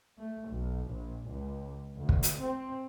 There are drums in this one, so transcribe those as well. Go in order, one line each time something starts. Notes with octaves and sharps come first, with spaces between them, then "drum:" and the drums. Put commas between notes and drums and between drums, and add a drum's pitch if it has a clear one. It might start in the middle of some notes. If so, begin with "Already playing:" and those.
A3
B1
A#1
C#2
D2
drum: kick
drum: hi-hat
C4